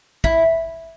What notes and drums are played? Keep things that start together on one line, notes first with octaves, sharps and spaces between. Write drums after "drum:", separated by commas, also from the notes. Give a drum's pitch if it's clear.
E4, drum: kick